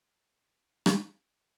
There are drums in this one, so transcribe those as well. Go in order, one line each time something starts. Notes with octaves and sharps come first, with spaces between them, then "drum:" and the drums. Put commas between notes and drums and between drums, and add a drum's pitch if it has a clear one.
F3 D4
drum: rim click